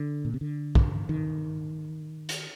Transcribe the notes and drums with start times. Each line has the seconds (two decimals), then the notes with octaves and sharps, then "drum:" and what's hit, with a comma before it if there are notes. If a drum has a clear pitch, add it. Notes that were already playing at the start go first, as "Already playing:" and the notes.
Already playing: D3
0.25 A#2
0.34 C3
0.41 D3
0.75 drum: kick
1.09 D#3
2.29 drum: hi-hat